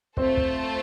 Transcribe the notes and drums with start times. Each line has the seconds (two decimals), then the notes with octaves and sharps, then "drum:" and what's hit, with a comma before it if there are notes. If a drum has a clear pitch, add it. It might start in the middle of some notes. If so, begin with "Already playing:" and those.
0.17 A3 C4 F4 A4 C5 A5, drum: kick
0.37 drum: kick